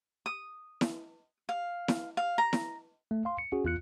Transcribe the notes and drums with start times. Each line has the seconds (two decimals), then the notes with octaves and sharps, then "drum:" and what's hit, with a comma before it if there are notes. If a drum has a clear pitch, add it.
0.26 D#6
0.81 drum: snare E4
1.49 F5
1.88 drum: snare E4
2.17 F5
2.38 A#5
2.53 drum: snare E4
3.11 A3
3.25 F5 C6
3.38 C#7
3.52 C#4 F#4 G#4
3.64 E2 F4 F#6 C#7